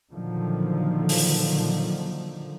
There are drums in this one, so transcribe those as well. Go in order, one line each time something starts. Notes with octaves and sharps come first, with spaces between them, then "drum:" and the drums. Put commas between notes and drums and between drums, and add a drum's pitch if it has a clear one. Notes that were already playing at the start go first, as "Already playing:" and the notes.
A#2 D3 D#3 F3 F#3
drum: open hi-hat